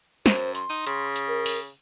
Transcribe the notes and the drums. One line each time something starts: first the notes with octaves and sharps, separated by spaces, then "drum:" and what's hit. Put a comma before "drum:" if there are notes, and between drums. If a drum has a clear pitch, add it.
F#2 C5, drum: snare
C6, drum: hi-hat
D#4
C#3, drum: hi-hat
drum: hi-hat
A#4
drum: open hi-hat